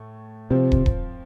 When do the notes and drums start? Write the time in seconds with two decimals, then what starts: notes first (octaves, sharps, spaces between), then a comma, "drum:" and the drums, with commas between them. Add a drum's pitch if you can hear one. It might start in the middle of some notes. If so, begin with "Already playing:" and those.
Already playing: A2 A3
0.50 C3 F3 C4
0.72 drum: kick
0.86 drum: kick